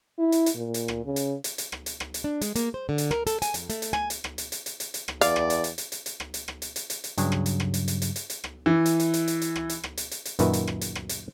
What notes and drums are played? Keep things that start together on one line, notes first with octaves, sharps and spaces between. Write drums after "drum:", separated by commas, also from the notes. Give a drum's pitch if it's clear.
E4
drum: hi-hat
drum: hi-hat
A#2
drum: hi-hat
drum: rim click
C#3
drum: hi-hat
drum: hi-hat
drum: hi-hat
drum: rim click
drum: hi-hat
drum: rim click
drum: hi-hat
D4
G#3, drum: hi-hat
A#3, drum: hi-hat
C5
D3
drum: hi-hat
A#4, drum: rim click
A4, drum: hi-hat
G#5, drum: hi-hat
F2, drum: hi-hat
A3, drum: hi-hat
drum: hi-hat
G#5, drum: rim click
drum: hi-hat
drum: rim click
drum: hi-hat
drum: hi-hat
drum: hi-hat
drum: hi-hat
drum: hi-hat
drum: rim click
E2 D5 F5, drum: hi-hat
drum: rim click
drum: hi-hat
drum: hi-hat
drum: hi-hat
drum: hi-hat
drum: hi-hat
drum: rim click
drum: hi-hat
drum: rim click
drum: hi-hat
drum: hi-hat
drum: hi-hat
drum: hi-hat
G2 C#3 F#3, drum: hi-hat
drum: rim click
drum: hi-hat
drum: rim click
drum: hi-hat
drum: hi-hat
drum: hi-hat
drum: hi-hat
drum: hi-hat
drum: rim click
E3
drum: hi-hat
drum: hi-hat
drum: hi-hat
drum: hi-hat
drum: hi-hat
drum: rim click
drum: hi-hat
drum: rim click
drum: hi-hat
drum: hi-hat
drum: hi-hat
F#2 A#2 D#3 F#4 B4 E5, drum: hi-hat
drum: hi-hat
drum: rim click
drum: hi-hat
drum: rim click
drum: hi-hat